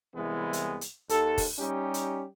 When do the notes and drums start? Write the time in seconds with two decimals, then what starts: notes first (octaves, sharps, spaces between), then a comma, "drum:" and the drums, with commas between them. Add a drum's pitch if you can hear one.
0.15 C2 E3 G#3 B3 E4
0.53 drum: hi-hat
0.81 drum: hi-hat
1.09 D#2 A4, drum: hi-hat
1.38 drum: kick, open hi-hat
1.59 G3 C#4 D#4 G4
1.94 drum: hi-hat